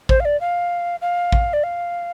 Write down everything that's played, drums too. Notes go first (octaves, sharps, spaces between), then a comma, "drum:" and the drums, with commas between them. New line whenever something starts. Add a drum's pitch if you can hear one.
C5, drum: kick A1
F5
D5
F5
F5
drum: kick A1
D5
F5